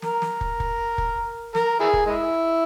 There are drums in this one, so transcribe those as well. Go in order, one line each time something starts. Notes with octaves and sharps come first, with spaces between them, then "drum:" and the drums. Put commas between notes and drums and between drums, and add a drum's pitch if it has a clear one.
A#4, drum: snare
drum: snare
drum: kick
drum: kick
drum: kick
A#4, drum: snare
E4 G#4
drum: kick
G#3 E4